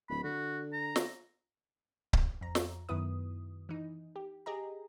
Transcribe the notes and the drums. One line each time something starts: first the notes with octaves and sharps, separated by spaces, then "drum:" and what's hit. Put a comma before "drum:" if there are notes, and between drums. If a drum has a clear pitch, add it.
D1 B5
D3 F#4
A#5
drum: snare
drum: kick C#1
F2 A#5
drum: snare
F#2 D#3 B3 E4 B4 D#6
E3 D#4
G4
G4 G#4 D#5 A#5